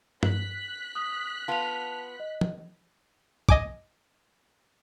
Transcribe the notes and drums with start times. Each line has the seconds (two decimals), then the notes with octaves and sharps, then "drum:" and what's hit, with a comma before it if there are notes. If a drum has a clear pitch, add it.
0.23 F#6 B6, drum: tom G2
0.95 D#6
1.48 B3 F4 A5 F7
2.20 D#5
2.41 drum: tom E3
3.49 D#5 G#5 D6, drum: kick